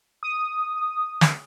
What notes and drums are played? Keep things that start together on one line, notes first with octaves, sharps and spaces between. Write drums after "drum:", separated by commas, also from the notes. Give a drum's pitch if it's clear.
D#6
drum: snare